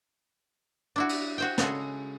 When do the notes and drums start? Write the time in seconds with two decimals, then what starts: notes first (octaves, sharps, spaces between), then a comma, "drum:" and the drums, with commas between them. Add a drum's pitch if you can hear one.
0.96 D4 E4 F#4
1.09 drum: cymbal
1.38 F#4 C5 G5
1.58 C#3 G#3 F#4 G#4 A4, drum: snare